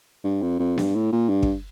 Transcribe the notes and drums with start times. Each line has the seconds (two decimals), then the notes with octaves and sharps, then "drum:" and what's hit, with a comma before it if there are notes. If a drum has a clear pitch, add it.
0.24 G2
0.42 F2
0.59 F2
0.78 G2, drum: snare B3
0.95 A2
1.12 A#2
1.30 G2
1.43 drum: kick